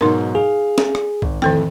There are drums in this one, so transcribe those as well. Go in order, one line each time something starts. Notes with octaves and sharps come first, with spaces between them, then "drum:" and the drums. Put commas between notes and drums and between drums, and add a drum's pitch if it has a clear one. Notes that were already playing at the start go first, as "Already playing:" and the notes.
G#2 B2 F#3 D#4 A#4
G#4 F5
drum: snare
drum: rim click
G#1, drum: kick B1
F2 A2 D#3 E3 A4 G5